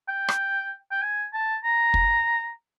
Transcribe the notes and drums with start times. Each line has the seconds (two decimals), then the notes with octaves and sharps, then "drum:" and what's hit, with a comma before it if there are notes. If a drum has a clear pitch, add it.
0.08 G5
0.28 drum: rim click
0.92 G5
1.02 G#5
1.34 A5
1.64 A#5
1.94 drum: kick